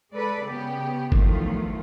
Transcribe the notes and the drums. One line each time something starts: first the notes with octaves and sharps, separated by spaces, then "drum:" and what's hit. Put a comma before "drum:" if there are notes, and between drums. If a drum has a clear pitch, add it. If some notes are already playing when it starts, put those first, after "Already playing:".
G#3 A4 B4 D5
C#3 B3 G4
E2 D#3 F3 F#3 A3 F4, drum: kick